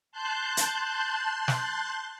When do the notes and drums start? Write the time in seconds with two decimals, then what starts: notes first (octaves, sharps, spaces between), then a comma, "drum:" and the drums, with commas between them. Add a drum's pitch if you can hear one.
0.12 A5 C6 F#6 G6
0.57 drum: hi-hat
1.48 drum: snare